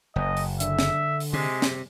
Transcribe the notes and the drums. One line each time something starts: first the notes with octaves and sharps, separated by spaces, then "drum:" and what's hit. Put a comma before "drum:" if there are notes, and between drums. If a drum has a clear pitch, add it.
F#1 D#5
drum: open hi-hat
D3 E5, drum: hi-hat
drum: snare
drum: open hi-hat
C3 G#3
drum: snare